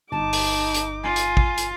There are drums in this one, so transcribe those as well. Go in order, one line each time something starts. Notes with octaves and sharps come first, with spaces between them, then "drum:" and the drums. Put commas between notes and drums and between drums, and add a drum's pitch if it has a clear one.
G1 D#4 A5 D6
drum: open hi-hat
drum: hi-hat
F4 G#5
drum: hi-hat
drum: kick
drum: hi-hat